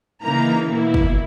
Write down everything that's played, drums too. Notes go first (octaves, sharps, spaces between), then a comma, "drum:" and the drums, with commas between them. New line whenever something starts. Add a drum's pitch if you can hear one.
C#3 E3 A#3 D#4 A#5
B2 A#3 E4
drum: kick